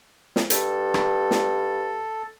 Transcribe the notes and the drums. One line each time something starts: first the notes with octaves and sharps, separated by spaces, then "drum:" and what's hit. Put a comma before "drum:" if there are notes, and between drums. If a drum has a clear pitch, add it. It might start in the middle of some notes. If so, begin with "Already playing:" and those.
drum: snare
G2 A4, drum: hi-hat
drum: rim click
drum: snare